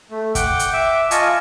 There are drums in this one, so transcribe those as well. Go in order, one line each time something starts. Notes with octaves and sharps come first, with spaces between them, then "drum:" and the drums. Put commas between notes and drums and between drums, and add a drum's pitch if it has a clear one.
A3
F#5 G5 D6, drum: kick, hi-hat
drum: hi-hat
E5 D6
F4 D#5 G#5 A5 C#6, drum: hi-hat